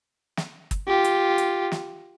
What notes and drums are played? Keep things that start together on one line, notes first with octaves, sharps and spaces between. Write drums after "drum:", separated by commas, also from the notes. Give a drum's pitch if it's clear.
drum: snare
drum: kick, hi-hat
F4 G4
drum: hi-hat
drum: hi-hat
drum: snare